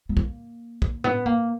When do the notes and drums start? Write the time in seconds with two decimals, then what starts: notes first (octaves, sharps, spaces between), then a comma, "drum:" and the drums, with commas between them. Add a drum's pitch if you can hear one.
0.09 B3
0.17 A#3, drum: kick
0.82 drum: kick
1.04 B3, drum: tom A2
1.26 A#3